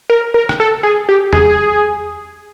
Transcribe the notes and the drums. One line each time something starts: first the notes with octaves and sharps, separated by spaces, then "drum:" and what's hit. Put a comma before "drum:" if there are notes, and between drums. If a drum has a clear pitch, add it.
A#4
A#4
drum: rim click
A4
G#4
G4
G#4, drum: tom E2